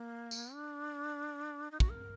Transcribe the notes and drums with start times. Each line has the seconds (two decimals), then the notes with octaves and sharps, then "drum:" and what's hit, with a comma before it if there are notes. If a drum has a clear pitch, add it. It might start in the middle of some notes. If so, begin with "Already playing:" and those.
Already playing: A#3
0.31 drum: tambourine
0.53 D4
1.71 D#4
1.80 F#4, drum: kick
1.90 A#4